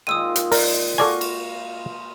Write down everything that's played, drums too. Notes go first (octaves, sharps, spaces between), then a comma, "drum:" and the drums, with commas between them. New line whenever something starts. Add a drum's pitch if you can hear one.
A#2 D#3 G#3 D#6 E6 D#7
drum: hi-hat
A#4 D5, drum: open hi-hat
F4 F#4 A4 D5 G#5 C#6
drum: cymbal